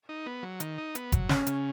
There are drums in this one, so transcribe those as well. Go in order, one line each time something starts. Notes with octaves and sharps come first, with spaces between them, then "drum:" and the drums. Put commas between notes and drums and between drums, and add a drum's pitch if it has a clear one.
D#4
B3
F#3
D#3, drum: hi-hat
D#4
B3, drum: hi-hat
F#3, drum: kick F#1, hi-hat
C#3 C#4, drum: snare
C#3, drum: hi-hat